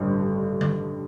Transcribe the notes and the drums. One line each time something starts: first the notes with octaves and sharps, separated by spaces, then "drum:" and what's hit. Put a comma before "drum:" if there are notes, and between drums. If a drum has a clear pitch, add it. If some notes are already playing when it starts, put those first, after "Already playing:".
Already playing: A1 G2 D3
drum: tom D3